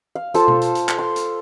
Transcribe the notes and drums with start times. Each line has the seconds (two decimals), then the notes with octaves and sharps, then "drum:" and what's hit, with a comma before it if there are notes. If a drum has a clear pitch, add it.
0.15 F5
0.34 F4 A4 C5, drum: hi-hat
0.48 drum: tom B2
0.62 drum: hi-hat
0.75 drum: hi-hat
0.89 drum: clap
0.99 C6
1.16 drum: hi-hat